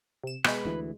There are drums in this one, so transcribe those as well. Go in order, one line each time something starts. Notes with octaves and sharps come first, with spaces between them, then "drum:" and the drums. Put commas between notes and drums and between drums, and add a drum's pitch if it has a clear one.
C3 E7
B2 G#3 B4, drum: rim click
D2 E3